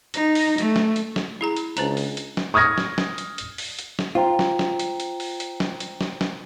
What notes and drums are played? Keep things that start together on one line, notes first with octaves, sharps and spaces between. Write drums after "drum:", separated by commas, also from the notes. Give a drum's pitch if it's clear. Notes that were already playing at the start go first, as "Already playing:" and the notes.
D#4, drum: hi-hat
drum: open hi-hat
A3, drum: hi-hat
drum: snare
drum: hi-hat
drum: snare
E4 G#4 A#5
drum: hi-hat
C#2 D4 C5 A#5, drum: hi-hat
drum: open hi-hat
drum: hi-hat
drum: snare
C#6 D#6 F6 G#6 A#6
drum: snare
drum: snare
drum: hi-hat
drum: hi-hat
drum: open hi-hat
drum: hi-hat
drum: snare
F4 C5 G5 A#5
drum: snare
drum: snare
drum: hi-hat
drum: hi-hat
drum: open hi-hat
drum: hi-hat
drum: snare
drum: hi-hat
drum: snare
drum: snare